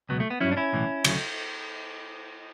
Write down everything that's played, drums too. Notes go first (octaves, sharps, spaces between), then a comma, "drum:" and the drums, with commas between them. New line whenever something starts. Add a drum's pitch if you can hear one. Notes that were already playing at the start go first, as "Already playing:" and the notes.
C#2 B2 F#3 B3
A3
B3
G2 F#3 C#4 E4
D4
C#4 E4
B1 A2 E3
D2 C#3 F#3, drum: cymbal